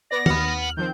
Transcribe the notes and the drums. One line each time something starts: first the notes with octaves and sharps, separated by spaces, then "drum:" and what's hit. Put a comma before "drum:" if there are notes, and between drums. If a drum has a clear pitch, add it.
B3 D5 A#6
D#2 F#5 B5 F6, drum: tom D#3
F#7
D#3 F3 C4 G6